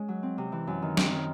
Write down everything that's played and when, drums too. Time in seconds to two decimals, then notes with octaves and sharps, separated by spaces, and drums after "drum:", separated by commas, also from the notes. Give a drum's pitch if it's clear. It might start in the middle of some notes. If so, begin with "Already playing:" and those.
Already playing: G#3 C#4 C#5
0.08 F#3
0.23 C4
0.38 C3
0.52 E3
0.67 F#2
0.82 D#3
0.97 C4, drum: snare
1.11 D#3